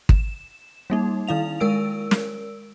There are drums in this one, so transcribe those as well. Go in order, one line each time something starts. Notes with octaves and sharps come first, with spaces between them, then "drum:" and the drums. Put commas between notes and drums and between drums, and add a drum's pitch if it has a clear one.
E7, drum: kick
G3 A#3 D#4
D#3 E4 F5 F7
G#3 A#4 E6 D7
drum: snare